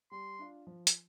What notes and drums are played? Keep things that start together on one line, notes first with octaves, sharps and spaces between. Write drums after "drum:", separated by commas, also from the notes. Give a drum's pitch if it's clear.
G3 C6
D4 F4
F3
drum: hi-hat